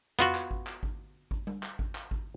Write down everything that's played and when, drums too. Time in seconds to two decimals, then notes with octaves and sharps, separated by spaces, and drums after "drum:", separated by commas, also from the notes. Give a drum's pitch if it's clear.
0.19 B3 F4 F#4, drum: tom F2
0.35 drum: clap
0.51 drum: kick G#1
0.67 drum: clap
0.83 drum: kick G#1
1.31 drum: kick G#1
1.47 drum: tom G3
1.63 drum: clap
1.79 drum: kick G#1
1.95 drum: clap
2.11 drum: kick G#1